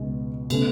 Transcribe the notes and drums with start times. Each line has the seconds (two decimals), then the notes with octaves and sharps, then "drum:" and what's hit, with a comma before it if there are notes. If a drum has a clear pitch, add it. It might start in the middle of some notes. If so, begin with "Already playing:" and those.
Already playing: C#2 B2 G#3
0.50 B2 A3 C#4, drum: cymbal